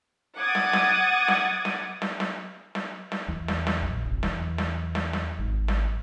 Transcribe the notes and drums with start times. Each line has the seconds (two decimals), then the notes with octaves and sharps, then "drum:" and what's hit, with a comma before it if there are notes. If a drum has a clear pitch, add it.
0.37 F#5 D6 D#6 G#6 A6
0.55 drum: snare
0.73 drum: snare
1.28 drum: snare
1.65 drum: snare
2.02 drum: snare
2.20 drum: snare
2.75 drum: snare
3.12 drum: snare
3.28 E2
3.48 drum: snare
3.67 drum: snare
3.82 A#1
4.05 F1
4.23 E2, drum: snare
4.58 drum: snare
4.95 drum: snare
5.13 drum: snare
5.39 G#1
5.68 drum: snare